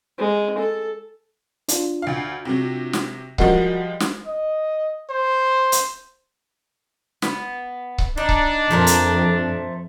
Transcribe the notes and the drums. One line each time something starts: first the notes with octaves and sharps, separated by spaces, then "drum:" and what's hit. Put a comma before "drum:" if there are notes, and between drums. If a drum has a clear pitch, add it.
G#3
A4
D4 F4, drum: hi-hat
D2 F5
C3 F#3
drum: snare
F3 G3 G#3 F#4 A#4 F#5, drum: kick C#1
drum: snare
D#5
C5
drum: hi-hat
B3, drum: snare
drum: kick C#1
D4 D#4
drum: kick C#1
F2 F3 A3 A#4
drum: hi-hat